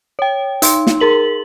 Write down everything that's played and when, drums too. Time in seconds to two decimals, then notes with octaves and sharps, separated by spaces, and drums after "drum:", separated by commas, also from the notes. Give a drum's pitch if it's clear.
0.19 C#5 G5
0.62 D#4 C6, drum: hi-hat
0.87 drum: snare
1.01 G#4 A#4 F#7